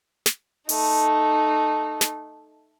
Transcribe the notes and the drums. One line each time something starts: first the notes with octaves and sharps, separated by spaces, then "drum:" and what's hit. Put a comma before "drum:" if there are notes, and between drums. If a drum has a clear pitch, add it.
drum: snare
A3 D#4, drum: open hi-hat
drum: snare